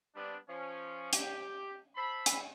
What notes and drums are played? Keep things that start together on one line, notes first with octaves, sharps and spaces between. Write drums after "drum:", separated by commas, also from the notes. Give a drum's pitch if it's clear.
G3 B3 C4 D4
F3 C#4
G4, drum: hi-hat
C5 E5 A5 B5
drum: hi-hat